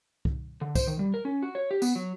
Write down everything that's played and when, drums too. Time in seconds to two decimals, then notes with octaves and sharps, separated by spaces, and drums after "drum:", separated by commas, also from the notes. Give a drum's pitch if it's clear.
0.25 drum: kick C2
0.61 D3
0.75 C5, drum: kick C2, tambourine
0.87 D#3
0.99 G3
1.14 A#4
1.25 C#4
1.43 F#4
1.55 C#5
1.71 G4
1.82 B3, drum: tambourine
1.95 F#3